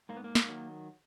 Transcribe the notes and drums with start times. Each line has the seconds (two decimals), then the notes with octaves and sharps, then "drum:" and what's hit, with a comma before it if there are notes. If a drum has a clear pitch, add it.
0.09 G#2 A#3
0.17 B3
0.24 A#3
0.35 drum: snare
0.48 D#3 F#3